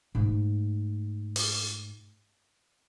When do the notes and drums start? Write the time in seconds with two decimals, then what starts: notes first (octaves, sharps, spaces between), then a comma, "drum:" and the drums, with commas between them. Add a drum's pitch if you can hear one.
0.15 G#2 A3
1.36 drum: open hi-hat